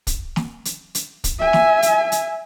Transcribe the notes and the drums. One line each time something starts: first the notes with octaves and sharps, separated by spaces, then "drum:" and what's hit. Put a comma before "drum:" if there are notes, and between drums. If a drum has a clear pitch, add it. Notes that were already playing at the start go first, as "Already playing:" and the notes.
drum: kick, hi-hat
drum: snare
drum: hi-hat
drum: hi-hat
drum: kick, hi-hat
E5 G#5
drum: snare
drum: hi-hat
drum: hi-hat